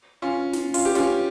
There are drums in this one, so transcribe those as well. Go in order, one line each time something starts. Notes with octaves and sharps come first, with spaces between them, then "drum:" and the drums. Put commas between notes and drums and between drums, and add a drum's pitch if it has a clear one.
C#4 F4
drum: snare
C#4 F4, drum: open hi-hat
G4
C#4 F4, drum: snare